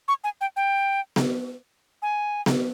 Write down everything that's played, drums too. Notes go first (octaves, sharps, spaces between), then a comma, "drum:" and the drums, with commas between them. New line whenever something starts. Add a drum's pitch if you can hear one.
C#6
G#5
G5
G5
drum: snare B3
G#5
drum: snare B3